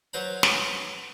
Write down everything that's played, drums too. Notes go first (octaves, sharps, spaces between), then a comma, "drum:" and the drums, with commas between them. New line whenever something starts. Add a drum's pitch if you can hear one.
F#3 B4 C5 A#5 B5
drum: snare